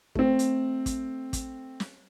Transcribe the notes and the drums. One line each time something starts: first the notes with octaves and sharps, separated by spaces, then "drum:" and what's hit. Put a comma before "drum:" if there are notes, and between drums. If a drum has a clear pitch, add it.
A3 C4, drum: kick
drum: hi-hat
drum: kick, hi-hat
drum: kick, hi-hat
drum: snare